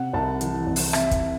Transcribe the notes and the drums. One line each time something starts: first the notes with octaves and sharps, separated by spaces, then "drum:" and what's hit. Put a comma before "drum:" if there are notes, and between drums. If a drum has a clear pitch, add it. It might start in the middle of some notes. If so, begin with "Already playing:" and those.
Already playing: C3 F#5
C2 A5
E3, drum: hi-hat
C2
drum: open hi-hat
C3 E5, drum: rim click
drum: kick, hi-hat